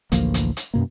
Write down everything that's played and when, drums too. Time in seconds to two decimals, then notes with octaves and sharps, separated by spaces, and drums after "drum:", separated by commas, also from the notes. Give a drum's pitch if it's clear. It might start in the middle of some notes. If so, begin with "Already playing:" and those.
0.12 A1 D2 F3 A#3, drum: hi-hat
0.34 drum: hi-hat
0.57 drum: hi-hat
0.74 F#2 B2 A#3